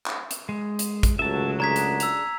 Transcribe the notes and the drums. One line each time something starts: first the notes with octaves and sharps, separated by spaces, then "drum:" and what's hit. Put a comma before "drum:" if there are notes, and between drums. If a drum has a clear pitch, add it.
drum: clap
drum: hi-hat
G#3
drum: hi-hat
drum: kick, hi-hat
C#2 F#3 A3 E5 A5
D4 G#4 A#5 G#6 B6
drum: hi-hat
E6 F7, drum: hi-hat